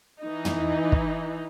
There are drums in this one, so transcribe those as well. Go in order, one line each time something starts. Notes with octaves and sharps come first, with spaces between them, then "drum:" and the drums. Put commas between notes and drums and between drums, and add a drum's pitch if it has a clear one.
E3 D#4
drum: tom
drum: kick